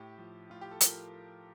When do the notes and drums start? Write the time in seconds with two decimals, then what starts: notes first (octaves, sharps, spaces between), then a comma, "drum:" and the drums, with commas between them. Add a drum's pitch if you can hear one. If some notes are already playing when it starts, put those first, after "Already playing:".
Already playing: A2 G4
0.18 F3
0.50 A2 F4
0.61 G4
0.71 A4
0.81 F3 A#4, drum: hi-hat